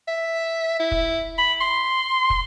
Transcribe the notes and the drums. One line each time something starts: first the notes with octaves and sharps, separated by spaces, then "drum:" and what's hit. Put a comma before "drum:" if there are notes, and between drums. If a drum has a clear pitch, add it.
E5
E4
drum: kick
B5
C6
drum: kick